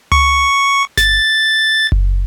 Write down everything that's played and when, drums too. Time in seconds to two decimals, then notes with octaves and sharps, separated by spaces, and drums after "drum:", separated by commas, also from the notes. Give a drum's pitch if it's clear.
0.12 C#6, drum: tom C#2
0.97 A6, drum: snare G1
1.92 drum: kick F#1